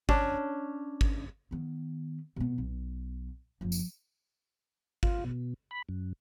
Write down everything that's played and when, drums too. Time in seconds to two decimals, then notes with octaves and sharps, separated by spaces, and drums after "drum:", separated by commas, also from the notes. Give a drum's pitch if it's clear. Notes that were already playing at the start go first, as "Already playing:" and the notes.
0.09 C#4 D4, drum: kick G#1
1.01 drum: kick G#1
1.51 D#3 B3
2.36 B2 B3
2.58 B1
3.61 F#1 F3
3.72 drum: tambourine
5.03 F4, drum: kick G#1
5.25 B2
5.71 B5
5.89 F#2